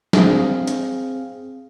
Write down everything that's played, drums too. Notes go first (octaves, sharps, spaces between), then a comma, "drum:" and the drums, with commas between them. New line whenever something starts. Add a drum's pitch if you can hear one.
C4 G#4 F5, drum: snare
drum: hi-hat